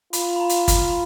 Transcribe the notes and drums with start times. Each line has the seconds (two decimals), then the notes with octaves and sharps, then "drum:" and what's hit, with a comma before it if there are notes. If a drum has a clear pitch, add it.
0.13 F4 B5, drum: hi-hat
0.36 B5
0.40 A#5
0.49 drum: hi-hat
0.68 B5, drum: kick, hi-hat